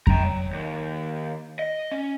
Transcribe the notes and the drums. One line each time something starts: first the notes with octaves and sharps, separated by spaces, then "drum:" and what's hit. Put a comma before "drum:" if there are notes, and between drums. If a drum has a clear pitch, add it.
G5 A#5, drum: kick F2
F#3
D#2
D#5
C#4